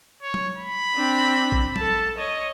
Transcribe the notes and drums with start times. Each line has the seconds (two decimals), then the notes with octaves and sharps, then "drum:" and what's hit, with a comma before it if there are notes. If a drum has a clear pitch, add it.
0.22 C#5
0.34 drum: tom F#3
0.57 B5
0.94 C4 D4
1.52 drum: kick
1.76 A4 A5, drum: tom F#3
2.18 C#5 D#5